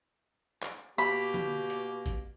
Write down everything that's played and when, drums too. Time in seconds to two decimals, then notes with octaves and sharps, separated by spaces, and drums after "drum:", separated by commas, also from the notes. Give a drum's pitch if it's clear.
0.63 drum: clap
0.98 B2 A#3 G4 B5
1.34 drum: tom D3
1.70 drum: hi-hat
2.06 drum: kick G1, hi-hat